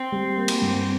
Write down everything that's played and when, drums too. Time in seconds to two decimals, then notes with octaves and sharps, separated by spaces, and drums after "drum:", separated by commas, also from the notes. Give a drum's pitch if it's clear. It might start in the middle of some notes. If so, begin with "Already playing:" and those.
Already playing: C4
0.12 G3
0.37 A#3
0.48 drum: cymbal
0.62 G2